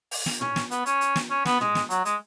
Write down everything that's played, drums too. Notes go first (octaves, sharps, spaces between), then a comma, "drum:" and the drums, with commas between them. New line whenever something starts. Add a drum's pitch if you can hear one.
drum: open hi-hat
drum: snare
C#4, drum: tom A2
drum: snare
B3, drum: hi-hat
C#4, drum: hi-hat
drum: hi-hat
drum: snare
C#4
B3, drum: snare
G#3, drum: tom A2
drum: snare
F#3, drum: hi-hat
G#3, drum: hi-hat